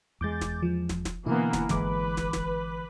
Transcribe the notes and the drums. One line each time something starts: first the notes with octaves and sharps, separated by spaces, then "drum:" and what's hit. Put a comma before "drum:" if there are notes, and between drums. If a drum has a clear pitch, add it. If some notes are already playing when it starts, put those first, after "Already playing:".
E2 G#3 D6 G6 A6
drum: snare
F3
drum: snare
drum: snare
B2 D3 E3 A#3 B3 D4 E4
drum: snare
G#1 D3 E3 G#3 B4 D6, drum: snare
drum: snare
drum: snare